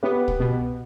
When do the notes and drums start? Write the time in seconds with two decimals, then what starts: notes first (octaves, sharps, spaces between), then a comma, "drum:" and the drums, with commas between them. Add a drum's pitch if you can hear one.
0.03 B3 G4 B4
0.28 drum: kick
0.40 B2